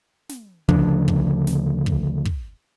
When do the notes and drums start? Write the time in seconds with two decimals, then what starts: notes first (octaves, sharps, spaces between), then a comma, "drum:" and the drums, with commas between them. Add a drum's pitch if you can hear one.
0.29 drum: snare
0.69 D2 C#3 F3 D4, drum: kick
1.08 drum: kick
1.47 drum: snare
1.86 drum: kick
2.25 drum: kick